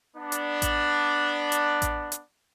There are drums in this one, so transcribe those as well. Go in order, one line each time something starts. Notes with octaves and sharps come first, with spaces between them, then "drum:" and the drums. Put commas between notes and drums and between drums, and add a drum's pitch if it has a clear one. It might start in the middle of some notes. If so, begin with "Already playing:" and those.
B3 D4
drum: hi-hat
drum: kick A1, hi-hat
drum: hi-hat
drum: kick A1, hi-hat
drum: hi-hat